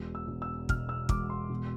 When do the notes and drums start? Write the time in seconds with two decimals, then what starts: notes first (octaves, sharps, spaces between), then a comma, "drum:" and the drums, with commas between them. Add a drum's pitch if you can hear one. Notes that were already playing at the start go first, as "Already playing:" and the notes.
Already playing: E1
0.15 E6
0.28 E1
0.42 E6
0.69 B2 F6, drum: kick
0.89 E6
1.09 E1 D6, drum: kick
1.30 C6
1.50 B2